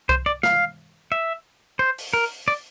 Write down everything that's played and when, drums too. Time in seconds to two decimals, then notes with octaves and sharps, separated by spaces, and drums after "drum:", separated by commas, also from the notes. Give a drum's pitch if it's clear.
0.09 C5, drum: kick C2
0.26 D5
0.43 F5, drum: snare
1.12 E5
1.79 C5
1.98 drum: open hi-hat
2.13 A#4
2.48 D5